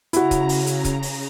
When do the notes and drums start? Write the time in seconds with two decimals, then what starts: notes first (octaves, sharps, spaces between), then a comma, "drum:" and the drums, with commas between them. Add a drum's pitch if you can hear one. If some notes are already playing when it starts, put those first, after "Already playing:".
0.13 C#3 E4 F#4 A#5, drum: hi-hat
0.31 drum: kick C#1, hi-hat
0.49 drum: open hi-hat
0.67 drum: hi-hat
0.85 drum: kick C#1, hi-hat
1.02 drum: open hi-hat